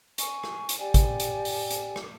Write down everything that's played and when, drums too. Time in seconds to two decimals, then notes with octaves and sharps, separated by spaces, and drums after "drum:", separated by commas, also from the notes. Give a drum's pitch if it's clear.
0.18 G#5 C#6, drum: hi-hat
0.44 drum: rim click
0.69 drum: hi-hat
0.79 G4 D5 G5 G#5
0.94 drum: kick G#1, hi-hat
1.20 drum: hi-hat
1.45 drum: open hi-hat
1.70 drum: hi-hat
1.96 drum: rim click